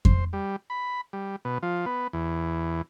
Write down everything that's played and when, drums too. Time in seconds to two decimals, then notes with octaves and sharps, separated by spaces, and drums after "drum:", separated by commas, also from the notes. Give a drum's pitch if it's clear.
0.05 C5, drum: kick F2
0.33 G3
0.70 B5
1.13 G3
1.45 B2
1.63 F3
1.86 B3
2.13 E2